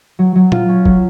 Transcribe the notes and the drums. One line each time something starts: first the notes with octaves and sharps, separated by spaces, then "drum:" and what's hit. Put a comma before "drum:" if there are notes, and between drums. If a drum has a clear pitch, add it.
F#3
F#3
F4, drum: tom A#2
C#4
F#3, drum: kick